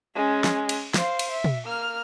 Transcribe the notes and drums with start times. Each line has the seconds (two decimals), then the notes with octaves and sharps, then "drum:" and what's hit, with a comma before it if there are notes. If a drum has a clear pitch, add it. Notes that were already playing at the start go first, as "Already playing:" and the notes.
0.15 G#3 C#4
0.44 drum: snare
0.69 drum: cymbal
0.94 C5 F5, drum: snare
1.19 drum: cymbal
1.31 E5
1.44 drum: tom
1.65 A#3 F6